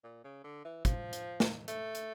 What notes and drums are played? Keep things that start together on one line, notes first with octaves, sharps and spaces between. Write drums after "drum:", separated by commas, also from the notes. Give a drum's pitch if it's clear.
A#2
C#3
D3
E3
F3, drum: kick, hi-hat
drum: hi-hat
drum: snare
A3, drum: hi-hat
drum: hi-hat